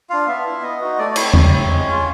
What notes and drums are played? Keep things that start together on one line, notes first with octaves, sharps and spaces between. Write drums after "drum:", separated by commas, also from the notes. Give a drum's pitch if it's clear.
D4 F4 F5
B3 E5
E4
B3 D#5
D#4 F#4
A3 D5
D5
C4 E4 C#5, drum: cymbal
G3, drum: tom E2
C4 E4
G#3
C#4 F4